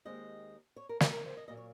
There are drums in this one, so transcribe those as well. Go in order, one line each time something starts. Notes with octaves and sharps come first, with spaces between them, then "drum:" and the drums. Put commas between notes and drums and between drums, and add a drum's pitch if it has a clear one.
D#2 C#3 G#3 C4 D#5
C#5
A#4
A#4, drum: snare
A#4
C5
D#5
A#2 F#3 A#3 D#5
C#5